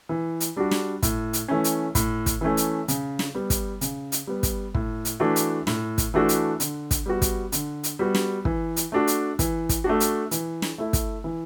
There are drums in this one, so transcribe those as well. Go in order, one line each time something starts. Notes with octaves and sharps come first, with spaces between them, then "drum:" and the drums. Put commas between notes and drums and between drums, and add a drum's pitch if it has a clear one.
E3
drum: hi-hat
G3 D4 F#4
drum: snare
A2, drum: kick, hi-hat
drum: hi-hat
E3 A3 C#4
drum: hi-hat
A2, drum: kick, hi-hat
drum: kick, hi-hat
E3 A3 C#4
drum: hi-hat
C#3, drum: hi-hat
drum: snare
G3 B3
drum: kick, hi-hat
C#3, drum: hi-hat
drum: hi-hat
G3 B3
drum: kick, hi-hat
A2, drum: kick
drum: hi-hat
E3 A3 D4 F#4
drum: hi-hat
A2, drum: snare
drum: kick, hi-hat
E3 A3 D4 F#4
drum: hi-hat
D3, drum: hi-hat
drum: kick, hi-hat
G3 B3 F#4
drum: kick, hi-hat
D3, drum: hi-hat
drum: hi-hat
G3 B3 F#4
drum: snare
E3, drum: kick
drum: hi-hat
A3 D4 F#4
drum: hi-hat
E3, drum: kick, hi-hat
drum: kick, hi-hat
A3 D4 F#4
drum: hi-hat
E3, drum: hi-hat
drum: snare
A3 E4
drum: kick, hi-hat
E3